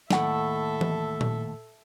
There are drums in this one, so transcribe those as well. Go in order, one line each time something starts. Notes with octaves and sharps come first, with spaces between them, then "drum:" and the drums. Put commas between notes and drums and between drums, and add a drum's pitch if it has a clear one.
D#2 A2 A4 E5 F#5, drum: snare
drum: tom E3
drum: tom A#2